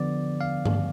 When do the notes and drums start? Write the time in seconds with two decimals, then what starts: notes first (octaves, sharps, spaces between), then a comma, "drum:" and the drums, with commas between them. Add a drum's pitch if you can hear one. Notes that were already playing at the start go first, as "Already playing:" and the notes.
Already playing: D3 F3 B3 D5
0.41 F5
0.65 drum: tom G2